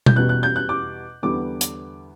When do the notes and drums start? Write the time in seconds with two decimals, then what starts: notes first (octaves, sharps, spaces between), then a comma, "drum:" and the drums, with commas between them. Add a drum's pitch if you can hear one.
0.06 G6, drum: tom B2
0.16 E2 B2 G3 F#6
0.29 F#6
0.43 G6
0.56 F#6
0.69 D6
1.23 E2 D3 G3 B3 D6
1.61 drum: hi-hat